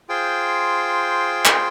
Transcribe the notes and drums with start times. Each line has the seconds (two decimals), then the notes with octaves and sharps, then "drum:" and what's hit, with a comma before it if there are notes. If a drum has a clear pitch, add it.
0.09 F4 G#4 C5 G5
1.45 drum: clap